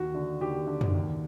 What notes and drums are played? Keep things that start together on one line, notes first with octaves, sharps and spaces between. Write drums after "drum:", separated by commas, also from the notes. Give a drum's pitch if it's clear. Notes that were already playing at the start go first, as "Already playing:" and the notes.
Already playing: D#2 F#4
D3
D#2 G4
D3
drum: tom
D#2